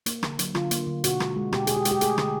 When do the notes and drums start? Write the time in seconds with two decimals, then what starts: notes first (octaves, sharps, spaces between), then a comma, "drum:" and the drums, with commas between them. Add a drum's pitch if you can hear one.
0.06 A#3, drum: hi-hat
0.23 D3, drum: rim click
0.39 F#3, drum: hi-hat
0.55 D3 F4, drum: rim click
0.71 A#3, drum: hi-hat
0.87 D3
1.04 B2 F#4, drum: hi-hat
1.20 G#3, drum: rim click
1.36 G#3
1.53 B2 G4, drum: rim click
1.67 B2 G#4, drum: hi-hat
1.77 G4
1.85 G#3, drum: hi-hat
1.91 G4
2.01 A3 G#4, drum: hi-hat
2.18 D3, drum: rim click